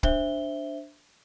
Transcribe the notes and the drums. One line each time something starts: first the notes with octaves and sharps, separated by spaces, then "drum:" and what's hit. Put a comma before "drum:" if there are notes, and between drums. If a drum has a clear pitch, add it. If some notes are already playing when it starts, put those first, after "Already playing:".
D4 C5 E5 G7, drum: kick